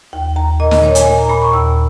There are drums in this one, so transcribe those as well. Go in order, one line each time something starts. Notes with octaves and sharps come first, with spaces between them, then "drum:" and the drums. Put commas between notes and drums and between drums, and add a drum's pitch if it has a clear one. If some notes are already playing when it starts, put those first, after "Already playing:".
D#2 G5
D#2 A#5
A#2 D#5
D#5, drum: snare
A#2 C#5
G#5, drum: hi-hat
A#2 G#5
A#5
A#2 B5
C#6
D#2 E6